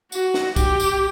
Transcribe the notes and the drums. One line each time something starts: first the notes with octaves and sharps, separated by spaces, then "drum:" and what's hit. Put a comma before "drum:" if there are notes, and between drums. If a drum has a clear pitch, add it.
F#4, drum: tambourine
drum: snare
G4, drum: kick, tambourine
drum: tambourine